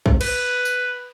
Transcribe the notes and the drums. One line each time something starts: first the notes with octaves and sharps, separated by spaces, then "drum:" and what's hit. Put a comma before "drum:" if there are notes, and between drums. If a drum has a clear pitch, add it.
drum: kick
B4, drum: cymbal
drum: tambourine